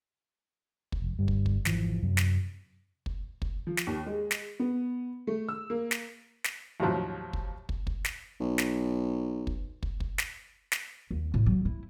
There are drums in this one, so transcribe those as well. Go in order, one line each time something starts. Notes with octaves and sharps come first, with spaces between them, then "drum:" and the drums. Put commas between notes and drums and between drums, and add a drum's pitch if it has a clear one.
drum: kick
F1
G1 G2 G3
drum: kick
drum: kick
G#1 F2 E3 F3, drum: snare
F#2 C3 F#3 C#4
drum: snare
drum: kick
drum: kick
F3
drum: snare
D#2
G#3
drum: snare
B3
A3
E6
A#3
drum: snare
drum: snare
D#2 A2 C3 F3 F#3
drum: kick
drum: kick
drum: kick
drum: snare
B1
drum: snare
drum: kick
drum: kick
drum: kick
drum: snare
drum: snare
D#2
A2
F#3
E4